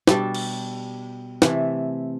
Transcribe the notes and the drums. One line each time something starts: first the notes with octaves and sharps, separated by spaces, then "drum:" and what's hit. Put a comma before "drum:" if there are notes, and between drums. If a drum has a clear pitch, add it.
B2 G3 D4 A4, drum: snare
drum: cymbal
C3 E3 A3, drum: snare